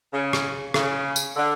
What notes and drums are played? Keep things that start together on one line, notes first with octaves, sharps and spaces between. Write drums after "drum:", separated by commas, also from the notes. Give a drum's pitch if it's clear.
C#3
drum: rim click
C#3, drum: rim click
drum: tambourine
D3